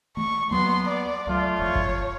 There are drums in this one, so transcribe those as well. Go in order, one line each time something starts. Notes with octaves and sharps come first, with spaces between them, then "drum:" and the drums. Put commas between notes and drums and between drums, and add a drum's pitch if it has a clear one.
E3 A3 C#6
D#2 F#3 A#3 B3 C6
D5
C#2 F#3 A3 F4
E1 F3 C#5
drum: kick G1